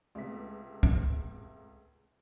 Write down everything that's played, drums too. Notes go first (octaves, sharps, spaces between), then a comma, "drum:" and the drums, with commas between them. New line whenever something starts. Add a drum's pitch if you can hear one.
C#2 C3 A3 B3 B6
drum: kick